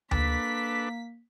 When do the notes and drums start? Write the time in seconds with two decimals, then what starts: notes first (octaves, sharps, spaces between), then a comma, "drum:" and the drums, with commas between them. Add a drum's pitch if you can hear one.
0.11 A#3 D4 A4 B4 B6, drum: tom D2